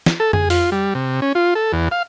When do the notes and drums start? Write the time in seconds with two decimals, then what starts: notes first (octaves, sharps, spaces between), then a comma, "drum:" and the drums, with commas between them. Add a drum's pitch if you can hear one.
0.06 drum: snare
0.20 A4
0.33 G#4, drum: tom F2
0.50 F4, drum: open hi-hat
0.72 G3
0.95 C3
1.22 C#4
1.35 F4
1.55 A4
1.73 E2
1.91 F5